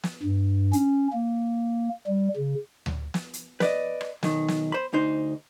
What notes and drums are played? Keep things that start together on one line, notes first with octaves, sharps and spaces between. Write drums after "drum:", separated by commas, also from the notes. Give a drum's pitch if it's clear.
drum: snare
G2
C#4, drum: hi-hat
A#3
G3
C#3
drum: tom D2
drum: snare
drum: hi-hat
B4 D5 D#5, drum: snare
drum: rim click
B1 D#3, drum: snare
drum: snare
C5 B5
D2 D#4 C5